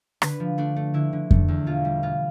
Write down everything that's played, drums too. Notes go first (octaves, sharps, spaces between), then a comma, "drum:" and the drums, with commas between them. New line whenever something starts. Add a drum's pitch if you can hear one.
D3 B4, drum: rim click
F3
A3 D4
A3
D3 E4
D3
A3, drum: kick F2
E2
B2 F4
G3
B2 F4